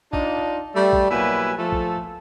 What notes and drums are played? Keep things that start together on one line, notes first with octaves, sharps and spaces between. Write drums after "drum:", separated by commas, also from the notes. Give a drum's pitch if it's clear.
D4 D#4 F4, drum: kick A#1
G3 A3
drum: kick A#1
B2 F#3 A#3 E4 B4 G#5
F3 A3 A4
drum: kick A#1